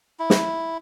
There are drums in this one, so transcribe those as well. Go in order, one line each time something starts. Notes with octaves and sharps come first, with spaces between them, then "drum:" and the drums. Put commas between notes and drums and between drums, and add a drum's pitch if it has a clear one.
E4
drum: snare